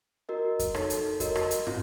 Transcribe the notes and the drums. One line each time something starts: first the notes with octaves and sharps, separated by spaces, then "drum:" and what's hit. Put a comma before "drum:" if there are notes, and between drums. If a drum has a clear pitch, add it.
F#4 A#4 D#5
drum: kick F2, hi-hat
D#4 A4 C#5, drum: rim click
drum: hi-hat
F#4 A#4 D#5, drum: kick F2, hi-hat
drum: rim click
drum: hi-hat
C4 F4, drum: tom